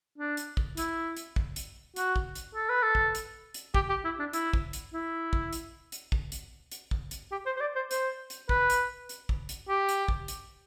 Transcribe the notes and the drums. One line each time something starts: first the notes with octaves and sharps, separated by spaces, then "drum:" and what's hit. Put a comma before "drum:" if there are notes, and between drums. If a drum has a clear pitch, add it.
D4
drum: hi-hat
drum: kick
E4, drum: hi-hat
drum: hi-hat
drum: kick
drum: hi-hat
F#4, drum: hi-hat
drum: kick
drum: hi-hat
A4
B4
A4
drum: kick
drum: hi-hat
drum: hi-hat
G4, drum: kick
G4
E4
D4
E4, drum: hi-hat
drum: kick
drum: hi-hat
E4
drum: kick
drum: hi-hat
drum: hi-hat
drum: kick
drum: hi-hat
drum: hi-hat
drum: kick
drum: hi-hat
G4
C5
C5
D5
C5
C5, drum: hi-hat
drum: hi-hat
B4, drum: kick
drum: hi-hat
drum: hi-hat
drum: kick
drum: hi-hat
G4
drum: hi-hat
drum: kick
drum: hi-hat